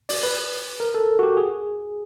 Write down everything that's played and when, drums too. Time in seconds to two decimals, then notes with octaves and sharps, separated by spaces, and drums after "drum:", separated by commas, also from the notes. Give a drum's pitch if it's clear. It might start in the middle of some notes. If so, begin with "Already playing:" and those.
0.09 D5, drum: open hi-hat
0.23 B4
0.80 A#4
0.95 A4
1.19 F#4
1.23 G4
1.37 G#4